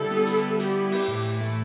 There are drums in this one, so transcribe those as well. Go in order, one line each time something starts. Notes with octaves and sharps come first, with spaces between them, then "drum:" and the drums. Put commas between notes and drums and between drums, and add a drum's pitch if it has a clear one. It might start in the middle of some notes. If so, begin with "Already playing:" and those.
Already playing: D3 G3 E4 A4
B3
E4, drum: hi-hat
D3
G3 G4, drum: hi-hat
B3
E4 G4, drum: open hi-hat
A2
E3
A3